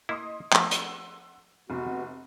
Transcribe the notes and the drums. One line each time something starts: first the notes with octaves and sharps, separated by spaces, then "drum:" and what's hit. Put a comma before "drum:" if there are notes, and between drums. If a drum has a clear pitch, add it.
A#3 E4 D#5 C6 D#6
F3 A3 F#5 C6 E6, drum: clap
drum: hi-hat
F1 B3 F#4